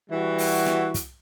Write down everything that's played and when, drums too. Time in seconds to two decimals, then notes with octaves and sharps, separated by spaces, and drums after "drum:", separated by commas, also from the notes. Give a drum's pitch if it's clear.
0.10 E3 G3 E4 F#4
0.38 drum: open hi-hat
0.66 drum: snare
0.94 drum: kick, hi-hat